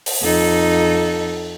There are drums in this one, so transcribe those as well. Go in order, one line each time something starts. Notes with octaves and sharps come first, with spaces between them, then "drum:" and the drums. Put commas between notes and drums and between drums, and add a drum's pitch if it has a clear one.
drum: open hi-hat
F2 D#4 A4